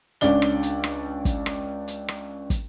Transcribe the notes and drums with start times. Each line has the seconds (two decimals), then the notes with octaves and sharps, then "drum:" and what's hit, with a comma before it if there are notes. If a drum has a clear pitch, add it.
0.21 C#2 C#4 D4 D5 G7, drum: hi-hat
0.42 drum: rim click
0.63 drum: hi-hat
0.84 drum: rim click
1.25 drum: kick, hi-hat
1.46 drum: rim click
1.88 drum: hi-hat
2.08 drum: rim click
2.50 drum: kick, hi-hat